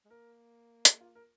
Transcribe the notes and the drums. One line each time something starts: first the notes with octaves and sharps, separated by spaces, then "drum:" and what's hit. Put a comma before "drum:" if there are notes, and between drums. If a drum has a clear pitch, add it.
G#3
A#3 A#4
G#4, drum: hi-hat
F4
A#4